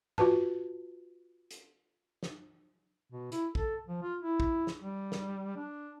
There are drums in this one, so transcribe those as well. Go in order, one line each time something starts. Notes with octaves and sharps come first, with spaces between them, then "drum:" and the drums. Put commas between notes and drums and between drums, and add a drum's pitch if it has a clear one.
F4 F#4 B4 A5, drum: tom G#2
drum: hi-hat
drum: snare
B2
E4, drum: hi-hat
A4, drum: kick
F3
F4
E4
drum: kick
drum: snare
G3
drum: snare
D4